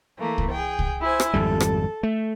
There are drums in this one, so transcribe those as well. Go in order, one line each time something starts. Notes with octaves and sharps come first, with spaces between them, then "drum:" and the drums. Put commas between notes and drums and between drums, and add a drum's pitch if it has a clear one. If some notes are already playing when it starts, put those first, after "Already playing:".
E3 A3 A#3
drum: kick C2
G#4 G5
drum: kick C2
E4 C5 G#5
drum: rim click
G#1 F2 G3 A4
drum: rim click
A3